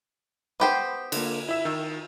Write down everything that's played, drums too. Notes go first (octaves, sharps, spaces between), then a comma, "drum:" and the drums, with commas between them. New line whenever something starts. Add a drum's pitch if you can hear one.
B3 G4 C5
D3 A#3, drum: cymbal
E4 E5 E7
D#3 E6